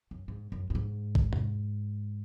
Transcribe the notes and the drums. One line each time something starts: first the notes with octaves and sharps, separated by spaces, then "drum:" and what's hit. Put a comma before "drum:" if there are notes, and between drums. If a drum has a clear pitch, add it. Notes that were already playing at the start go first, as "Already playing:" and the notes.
F#2
G#2
F#2
F#2
G#2
drum: kick G#1
drum: tom E2